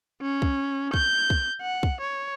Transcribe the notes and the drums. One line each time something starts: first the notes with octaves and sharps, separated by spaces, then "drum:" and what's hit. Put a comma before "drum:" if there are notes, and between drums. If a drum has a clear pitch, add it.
C#4
drum: kick
G6, drum: kick
drum: kick
F#5
drum: kick
C#5